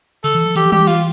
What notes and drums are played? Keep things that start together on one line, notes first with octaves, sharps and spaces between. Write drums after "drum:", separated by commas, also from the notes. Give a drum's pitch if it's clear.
D3 A4, drum: open hi-hat
E3
F3
E3 G4, drum: hi-hat
F3
E3 G4, drum: tom G3
F4, drum: open hi-hat